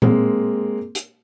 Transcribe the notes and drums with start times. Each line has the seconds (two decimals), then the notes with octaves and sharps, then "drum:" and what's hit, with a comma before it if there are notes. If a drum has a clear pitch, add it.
0.02 G#3 A#3 C4, drum: tom A#2
0.95 drum: hi-hat